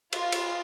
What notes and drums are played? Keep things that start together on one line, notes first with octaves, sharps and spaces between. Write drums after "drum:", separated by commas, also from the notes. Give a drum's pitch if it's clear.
F4, drum: cymbal
drum: cymbal